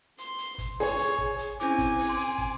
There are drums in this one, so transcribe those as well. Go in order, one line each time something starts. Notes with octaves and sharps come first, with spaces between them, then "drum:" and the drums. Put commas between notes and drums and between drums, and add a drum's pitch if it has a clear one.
C6, drum: hi-hat
drum: hi-hat
drum: kick, hi-hat
G#4 C#5, drum: open hi-hat
drum: hi-hat
drum: kick
drum: hi-hat
C4 C#4 E4 G#5 D6, drum: hi-hat
drum: kick, hi-hat
drum: open hi-hat
C6 D6
drum: hi-hat
drum: kick, hi-hat